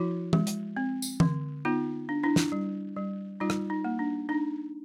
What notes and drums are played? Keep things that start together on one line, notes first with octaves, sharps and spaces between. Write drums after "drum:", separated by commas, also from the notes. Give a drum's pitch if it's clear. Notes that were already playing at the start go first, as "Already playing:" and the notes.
Already playing: F3 E4 F#4
G#3, drum: tom
drum: hi-hat
C4
drum: tambourine
D3, drum: tom
B3 D#4 F4
D4
D4 E4
drum: snare
G3
G3
G3 D#4 F4
drum: rim click
D#4
A#3
D4
D4 D#4